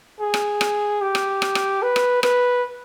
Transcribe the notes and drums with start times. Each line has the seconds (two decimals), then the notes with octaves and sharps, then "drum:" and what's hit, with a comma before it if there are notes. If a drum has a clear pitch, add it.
0.20 G#4
0.34 drum: rim click
0.61 drum: rim click
1.01 G4
1.15 drum: rim click
1.42 drum: rim click
1.55 drum: rim click
1.82 B4
1.96 drum: rim click
2.23 B4, drum: rim click